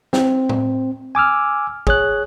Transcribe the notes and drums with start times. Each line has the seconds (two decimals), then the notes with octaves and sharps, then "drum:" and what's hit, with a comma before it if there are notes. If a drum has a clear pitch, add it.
0.13 C4, drum: snare
0.49 drum: tom
1.15 G#5 D6 E6 F6
1.87 G#4 C#5 F#6, drum: kick